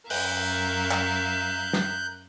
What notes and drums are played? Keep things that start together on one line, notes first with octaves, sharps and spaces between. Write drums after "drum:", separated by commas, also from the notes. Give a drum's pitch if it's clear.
F#2 A#4 E5 F5 F#6 G6, drum: open hi-hat
drum: clap
drum: snare